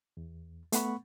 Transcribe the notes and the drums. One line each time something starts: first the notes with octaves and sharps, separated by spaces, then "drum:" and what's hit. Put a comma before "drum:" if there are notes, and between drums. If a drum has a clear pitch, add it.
E2
A3 B3 F#5 B5 C#6, drum: hi-hat